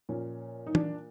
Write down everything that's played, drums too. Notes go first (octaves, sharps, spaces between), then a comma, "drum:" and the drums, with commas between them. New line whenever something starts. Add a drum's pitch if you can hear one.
A#2 F3 C#4
D#4
D4, drum: tom